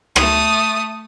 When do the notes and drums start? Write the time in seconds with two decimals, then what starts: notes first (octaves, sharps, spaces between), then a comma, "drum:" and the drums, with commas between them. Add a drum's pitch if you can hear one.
0.16 A3 D#6, drum: rim click